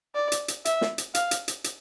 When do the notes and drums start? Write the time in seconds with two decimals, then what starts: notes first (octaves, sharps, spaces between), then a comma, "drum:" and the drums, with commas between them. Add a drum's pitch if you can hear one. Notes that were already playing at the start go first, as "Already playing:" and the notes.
0.15 D5
0.32 drum: hi-hat
0.48 drum: hi-hat
0.65 E5, drum: hi-hat
0.81 drum: snare
0.98 drum: hi-hat
1.15 F5, drum: hi-hat
1.31 drum: hi-hat
1.48 drum: hi-hat
1.64 drum: hi-hat